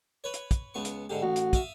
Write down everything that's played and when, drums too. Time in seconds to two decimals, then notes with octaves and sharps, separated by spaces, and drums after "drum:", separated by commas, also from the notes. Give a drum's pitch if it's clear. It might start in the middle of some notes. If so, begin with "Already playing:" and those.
0.24 B4 C#5
0.34 drum: hi-hat
0.51 drum: kick, hi-hat
0.74 C#2 B3 C#6
0.85 drum: hi-hat
1.10 G#2 D3 G4
1.22 A1 F#4
1.36 drum: hi-hat
1.53 E5 F5 D#6, drum: kick, hi-hat